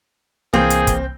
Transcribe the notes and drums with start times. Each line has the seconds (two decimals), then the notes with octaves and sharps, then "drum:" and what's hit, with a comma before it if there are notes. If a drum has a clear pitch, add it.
0.53 C2 E3 A#3 C4 G#4 G6
0.70 drum: hi-hat
0.87 drum: kick, hi-hat